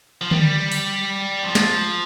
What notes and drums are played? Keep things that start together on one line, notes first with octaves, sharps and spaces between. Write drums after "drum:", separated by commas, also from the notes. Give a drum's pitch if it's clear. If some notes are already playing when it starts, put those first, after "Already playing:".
F3
G3, drum: tom D3
drum: open hi-hat
F3
drum: snare